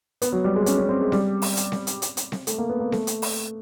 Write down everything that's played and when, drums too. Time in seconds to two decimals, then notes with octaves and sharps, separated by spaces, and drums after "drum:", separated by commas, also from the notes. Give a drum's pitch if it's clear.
0.22 B3, drum: hi-hat
0.32 F#3
0.44 G3
0.56 G#3
0.66 C#4, drum: hi-hat
0.78 C#4
0.89 C4
1.00 G#3
1.12 G3, drum: snare C4
1.42 drum: open hi-hat
1.57 drum: hi-hat
1.72 drum: snare C4
1.87 drum: hi-hat
2.02 drum: hi-hat
2.17 drum: hi-hat
2.32 drum: snare C4
2.47 A3, drum: hi-hat
2.58 A#3
2.70 B3
2.80 A#3
2.92 A3, drum: snare C4
3.07 drum: hi-hat
3.22 drum: open hi-hat